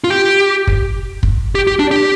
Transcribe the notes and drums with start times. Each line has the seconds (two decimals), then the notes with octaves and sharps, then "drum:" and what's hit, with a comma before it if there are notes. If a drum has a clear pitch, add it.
0.04 F4
0.10 G4
0.67 drum: kick
1.23 drum: kick
1.55 G4
1.67 G4
1.79 D4
1.91 G4